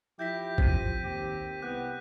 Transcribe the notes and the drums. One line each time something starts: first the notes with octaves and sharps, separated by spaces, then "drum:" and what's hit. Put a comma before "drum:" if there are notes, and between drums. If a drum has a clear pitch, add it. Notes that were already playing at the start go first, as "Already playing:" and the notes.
F3 E4 G4 G6 A#6 B6
C4 B6 D#7, drum: kick
D#2 G4
C2 B3 G4 F#6